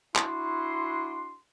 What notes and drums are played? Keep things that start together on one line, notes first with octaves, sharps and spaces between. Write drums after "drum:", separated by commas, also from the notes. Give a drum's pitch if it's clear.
D4 E4 F#4 C6, drum: clap